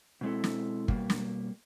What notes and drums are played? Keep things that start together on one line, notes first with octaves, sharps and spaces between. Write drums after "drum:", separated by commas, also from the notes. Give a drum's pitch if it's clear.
B2 G#3 C4 E4 A4
drum: snare
B2 G3 A#3, drum: kick
drum: snare